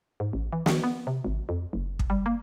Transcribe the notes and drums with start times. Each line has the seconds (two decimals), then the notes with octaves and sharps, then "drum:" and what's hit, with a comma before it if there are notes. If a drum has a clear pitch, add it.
0.20 G#2
0.33 A1
0.53 E3
0.66 D#3, drum: snare
0.84 B3
1.07 C3
1.24 G#1
1.49 F2
1.73 F#1
1.99 drum: kick
2.10 G3
2.26 A#3